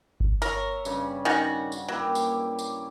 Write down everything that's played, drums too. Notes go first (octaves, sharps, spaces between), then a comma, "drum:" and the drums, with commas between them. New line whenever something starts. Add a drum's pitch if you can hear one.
drum: kick G1
A#4 C#5 E5, drum: tambourine
G2 C#3, drum: tambourine
D#3 C#4 F#4
drum: tambourine
F#3 A#3 E4 G4
drum: tambourine
drum: tambourine